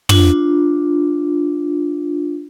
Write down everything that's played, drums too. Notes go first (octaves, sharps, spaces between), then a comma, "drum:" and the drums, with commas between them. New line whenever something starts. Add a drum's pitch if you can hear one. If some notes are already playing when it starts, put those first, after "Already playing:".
D4 F4, drum: tom